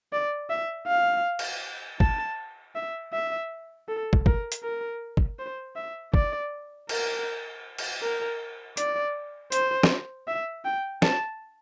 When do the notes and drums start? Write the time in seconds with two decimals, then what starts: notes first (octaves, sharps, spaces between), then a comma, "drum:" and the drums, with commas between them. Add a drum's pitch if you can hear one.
0.13 D5
0.50 E5
0.87 F5
1.39 drum: cymbal
2.00 A5, drum: kick
2.76 E5
3.13 E5
3.89 A4
4.13 drum: kick
4.26 A#4, drum: kick
4.52 drum: hi-hat
4.63 A#4
5.17 drum: kick
5.39 C5
5.76 E5
6.14 D5, drum: kick
6.89 A#4, drum: cymbal
7.78 drum: cymbal
8.02 A#4
8.77 D5, drum: hi-hat
9.52 C5, drum: hi-hat
9.83 drum: snare
10.27 E5
10.65 G5
11.02 A5, drum: snare